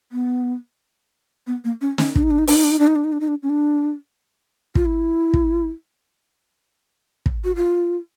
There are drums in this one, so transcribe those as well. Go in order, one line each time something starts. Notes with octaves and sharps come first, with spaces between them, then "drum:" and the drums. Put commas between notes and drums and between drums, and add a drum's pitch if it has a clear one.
B3
B3
A#3
C#4
C#4, drum: snare
D4, drum: kick
D#4
D4
D#4
D4, drum: open hi-hat
D#4
D4
D#4
D4
D#4
D4
D#4
D4
D#4
D4
C#4
D4
F4, drum: kick
E4
drum: kick
drum: kick
F#4
F4